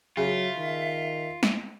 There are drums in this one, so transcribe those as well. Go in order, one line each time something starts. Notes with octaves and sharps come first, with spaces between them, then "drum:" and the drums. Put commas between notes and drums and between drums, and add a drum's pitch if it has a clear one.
C#3 F#3 F4 E5
D#3
drum: snare